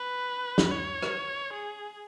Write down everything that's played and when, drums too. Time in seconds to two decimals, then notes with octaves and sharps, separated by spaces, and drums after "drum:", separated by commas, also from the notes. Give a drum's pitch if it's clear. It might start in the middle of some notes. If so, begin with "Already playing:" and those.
Already playing: B4
0.58 drum: snare
0.72 C#5
1.02 drum: rim click
1.53 G#4